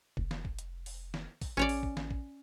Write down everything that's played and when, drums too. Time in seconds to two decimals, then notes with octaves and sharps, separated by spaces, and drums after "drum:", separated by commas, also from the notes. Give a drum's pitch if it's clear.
0.17 F1, drum: kick
0.31 drum: snare
0.45 drum: kick
0.59 drum: hi-hat
0.86 drum: open hi-hat
1.14 drum: snare
1.41 drum: kick, open hi-hat
1.57 A1 C#4 C#5 D5
1.69 drum: open hi-hat
1.83 drum: kick
1.97 drum: snare
2.11 drum: kick